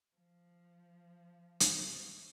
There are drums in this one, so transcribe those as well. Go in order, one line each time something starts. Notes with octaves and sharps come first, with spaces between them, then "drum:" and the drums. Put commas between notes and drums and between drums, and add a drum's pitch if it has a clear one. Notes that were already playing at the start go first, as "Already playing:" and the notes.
F3
drum: hi-hat